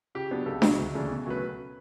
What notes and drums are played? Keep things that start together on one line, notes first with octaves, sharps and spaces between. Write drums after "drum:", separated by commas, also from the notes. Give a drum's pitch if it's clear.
C#3 G4
F#3 B3 D4
C#2 A4
B2 F#3, drum: snare D4
D2
C#3 E3 A3 D4
B2
F#3 A3 C#4 B4